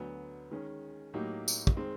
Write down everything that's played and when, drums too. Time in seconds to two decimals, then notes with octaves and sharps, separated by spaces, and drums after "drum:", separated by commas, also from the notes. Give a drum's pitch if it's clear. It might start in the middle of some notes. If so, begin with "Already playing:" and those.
Already playing: D2 D3 F#3 B3
0.51 D#3 G#3 C#4
1.13 A2 F#3 A#3 D#4 G4
1.48 drum: tambourine
1.67 drum: kick
1.77 D#3 G#3 C4